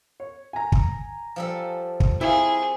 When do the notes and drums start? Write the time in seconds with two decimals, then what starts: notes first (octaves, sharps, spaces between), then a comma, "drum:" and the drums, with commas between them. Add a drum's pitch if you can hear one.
0.20 C#5
0.53 G#5 A#5
0.72 drum: kick
1.36 F3 G3 A4
2.00 drum: kick
2.21 C4 E4 G#4 F5